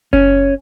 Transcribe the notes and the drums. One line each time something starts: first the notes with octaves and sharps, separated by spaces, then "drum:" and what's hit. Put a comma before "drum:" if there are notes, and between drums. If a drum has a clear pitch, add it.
C#4, drum: kick F#1